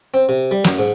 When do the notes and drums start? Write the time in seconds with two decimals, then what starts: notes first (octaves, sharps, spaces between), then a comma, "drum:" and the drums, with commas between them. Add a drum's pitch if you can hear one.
0.14 C4
0.29 C3
0.51 G3
0.64 F#2, drum: snare
0.79 G#2